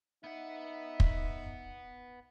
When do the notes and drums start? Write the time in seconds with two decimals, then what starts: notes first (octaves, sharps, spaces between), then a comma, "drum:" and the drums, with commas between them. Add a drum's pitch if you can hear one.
0.24 B3 D#4 E5 F#5
1.00 drum: kick